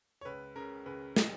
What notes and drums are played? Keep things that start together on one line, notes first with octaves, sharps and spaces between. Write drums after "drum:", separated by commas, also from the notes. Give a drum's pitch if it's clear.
C#5
C#2 B4
C#3 A#4
C#2 B4
D#5, drum: snare